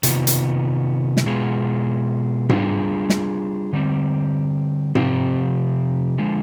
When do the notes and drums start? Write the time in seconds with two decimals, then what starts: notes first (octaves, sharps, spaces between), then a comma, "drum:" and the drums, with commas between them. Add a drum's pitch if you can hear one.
0.03 C3 D#3 B3 F4, drum: hi-hat
0.27 drum: hi-hat
1.17 drum: snare
1.26 B2 G#3 B3 F4 G#4
2.49 G3 D4 F4 G#4, drum: tom G#2
3.10 drum: snare
3.73 D3 G3 C4
4.95 C3 F3 C4 G4, drum: tom G#2
6.18 D3 F3 G#3